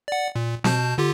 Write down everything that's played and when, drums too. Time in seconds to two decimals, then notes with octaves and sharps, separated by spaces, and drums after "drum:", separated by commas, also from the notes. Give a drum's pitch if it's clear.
0.08 D5 F#5
0.36 A#2
0.64 B2 A5 G6, drum: snare C4
0.98 D3 F4 G4